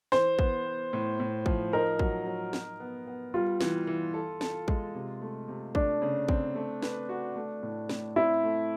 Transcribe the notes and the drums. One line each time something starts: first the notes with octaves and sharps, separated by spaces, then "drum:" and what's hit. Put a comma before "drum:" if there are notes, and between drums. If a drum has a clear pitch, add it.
E3 C5, drum: snare
B3, drum: kick
B3
A2
A2
F3, drum: kick
D#4 A#4
F#3, drum: kick
F#3
D#4, drum: snare
B3
B3
G3 F4
E3, drum: snare
E3
A4
A4, drum: snare
G#3, drum: kick
C3
A3
C3
A3 D4, drum: kick
C#3
C4, drum: kick
A3
B4, drum: snare
F#4
A3
A2
A2, drum: snare
C4 E4
A3